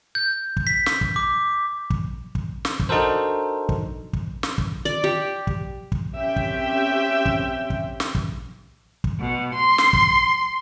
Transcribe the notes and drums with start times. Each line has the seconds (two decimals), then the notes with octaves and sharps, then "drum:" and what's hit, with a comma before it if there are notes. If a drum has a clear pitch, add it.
0.15 G6
0.57 drum: kick
0.67 B6
0.86 drum: snare
1.01 drum: kick
1.16 D6
1.90 drum: kick
2.35 drum: kick
2.65 drum: snare
2.80 drum: kick
2.89 D4 D#4 F#4 A4 A#4 C5
3.69 drum: kick
4.13 drum: kick
4.43 drum: snare
4.58 drum: kick
4.85 D5
5.04 G4
5.47 drum: kick
5.92 drum: kick
6.15 C4 C#4 G4 E5 G5
6.36 drum: kick
7.26 drum: kick
7.70 drum: kick
8.00 drum: snare
8.15 drum: kick
9.04 drum: kick
9.20 B2
9.55 C6
9.78 drum: snare
9.93 drum: kick